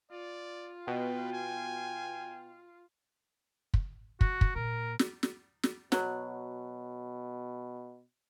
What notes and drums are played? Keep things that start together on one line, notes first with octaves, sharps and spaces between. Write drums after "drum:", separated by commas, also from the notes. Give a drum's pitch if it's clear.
F4 D5
B2 B4 G5
G#5
drum: kick
F#4, drum: kick
drum: kick
A#2 A#4
drum: snare
drum: snare
drum: snare
B2 F#3, drum: snare